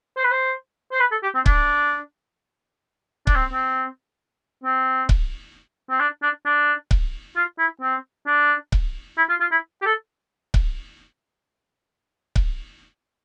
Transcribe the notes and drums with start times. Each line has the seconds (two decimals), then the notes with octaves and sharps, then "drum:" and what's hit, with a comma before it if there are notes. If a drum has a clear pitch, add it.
0.17 C5
0.24 B4
0.31 C5
0.92 C5
1.00 B4
1.12 A4
1.23 G4
1.35 C4
1.46 D4, drum: kick C#1
3.27 D4, drum: kick C#1
3.36 C4
3.52 C4
4.64 C4
5.09 drum: kick C#1
5.90 C4
6.00 D4
6.23 D4
6.46 D4
6.91 drum: kick C#1
7.36 F4
7.59 E4
7.81 C4
8.27 D4
8.72 drum: kick C#1
9.18 E4
9.29 F4
9.40 F4
9.52 E4
9.82 G4
9.86 A4
10.54 drum: kick C#1
12.36 drum: kick C#1